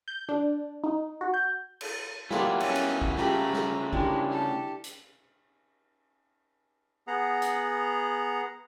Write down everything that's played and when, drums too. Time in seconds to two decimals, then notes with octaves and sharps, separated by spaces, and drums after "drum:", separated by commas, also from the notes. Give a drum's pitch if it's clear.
0.08 G6
0.29 D4
0.84 D#4
1.21 F#4
1.34 G6
1.81 drum: cymbal
2.31 F#3 G3 A#3 B3 E4 F4 A4 D5, drum: snare
2.60 C#4 B4, drum: cymbal
2.76 drum: cymbal
3.02 drum: kick
3.17 C#3 A3 F4 G4 A#5 B5, drum: snare
3.53 drum: snare
3.93 G3 G#3 A#3 D4 E4, drum: kick
4.29 G4 A4
4.84 drum: hi-hat
7.07 B3 G#4 F#5 A#5
7.42 drum: hi-hat